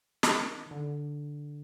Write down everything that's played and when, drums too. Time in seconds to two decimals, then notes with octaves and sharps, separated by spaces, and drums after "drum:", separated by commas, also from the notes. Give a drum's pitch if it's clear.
0.23 D#3, drum: snare
0.71 D3